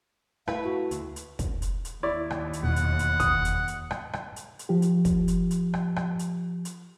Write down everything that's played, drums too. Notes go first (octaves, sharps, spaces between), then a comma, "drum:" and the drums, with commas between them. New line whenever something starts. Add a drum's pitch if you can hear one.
A3 E4 B4 F5, drum: rim click
F#4
D2, drum: hi-hat
drum: hi-hat
drum: kick, hi-hat
drum: hi-hat
drum: hi-hat
D#2 E4 C#5 D5
drum: rim click
drum: hi-hat
E1 F#5
drum: hi-hat
drum: hi-hat
D#6, drum: kick, hi-hat
drum: hi-hat
drum: hi-hat
drum: rim click
drum: rim click
drum: hi-hat
drum: hi-hat
F3 G4
drum: hi-hat
drum: kick, hi-hat
drum: hi-hat
drum: hi-hat
drum: rim click
drum: rim click
drum: hi-hat
drum: hi-hat